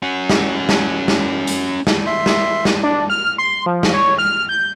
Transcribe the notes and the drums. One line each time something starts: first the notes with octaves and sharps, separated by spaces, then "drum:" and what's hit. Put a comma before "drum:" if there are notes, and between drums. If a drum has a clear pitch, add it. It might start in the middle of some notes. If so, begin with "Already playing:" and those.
C#4 F#4
drum: snare
drum: snare
drum: snare
drum: hi-hat
drum: snare
E5 C6
drum: snare
drum: snare
D4
F6
C6
F3
drum: snare
C#5
F6
G6